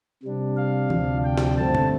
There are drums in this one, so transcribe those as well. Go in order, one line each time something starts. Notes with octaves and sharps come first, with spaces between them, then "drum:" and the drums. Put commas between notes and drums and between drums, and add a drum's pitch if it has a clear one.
C3 G3 D4
F5
D2 C3 F3 D4, drum: tom
G5
drum: snare
G2 D3 A3 C4 A5
drum: tom